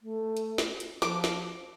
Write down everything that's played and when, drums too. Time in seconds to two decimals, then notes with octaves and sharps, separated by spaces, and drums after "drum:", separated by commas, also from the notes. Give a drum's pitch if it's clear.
0.01 A3
0.37 drum: hi-hat
0.58 drum: snare
0.80 drum: hi-hat
1.02 F3 D6, drum: snare
1.24 drum: snare